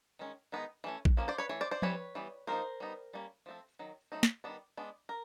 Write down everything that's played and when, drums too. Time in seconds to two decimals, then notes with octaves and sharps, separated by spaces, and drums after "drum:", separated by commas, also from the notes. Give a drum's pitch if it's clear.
0.19 D#3 G#3 C#4
0.52 D#3 G#3 B3 D#4
0.84 E3 A3 C#4
1.05 drum: kick A#1
1.17 F3 A#3 C#4
1.28 C5 D5
1.38 B4 C#5
1.49 E3 A3 C#5
1.61 C5 D5
1.71 C5 D5
1.82 E3 G3 C4 B4 C#5, drum: tom F3
2.15 E3 G3 B3
2.47 F3 A#3 D#4 A#4 C5
2.80 G3 B3 D#4
3.13 G3 A#3 C#4
3.46 F3 A3 C4
3.79 D#3 F#3
4.12 F#3 A3 C4 D#4
4.23 drum: snare
4.44 D#3 G3 B3 D4
4.77 G#3 B3 D4
5.09 A#4